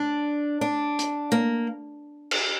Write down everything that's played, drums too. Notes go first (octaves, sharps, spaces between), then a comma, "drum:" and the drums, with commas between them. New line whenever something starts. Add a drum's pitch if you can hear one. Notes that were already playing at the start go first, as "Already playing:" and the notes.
Already playing: D4
D4
drum: hi-hat
A#3
drum: cymbal